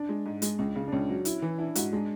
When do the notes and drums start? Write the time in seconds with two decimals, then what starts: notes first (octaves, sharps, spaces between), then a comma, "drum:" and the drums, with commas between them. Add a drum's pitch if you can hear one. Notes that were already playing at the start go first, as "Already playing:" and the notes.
Already playing: D4
0.09 G#3
0.26 G#2
0.42 G#3, drum: hi-hat
0.59 C#2
0.76 C#3
0.88 D4
0.92 C#2 C#4
1.09 F#3
1.25 E4, drum: hi-hat
1.42 E3
1.58 D4 E4
1.75 G#2 F#4, drum: hi-hat
1.93 G#3 D4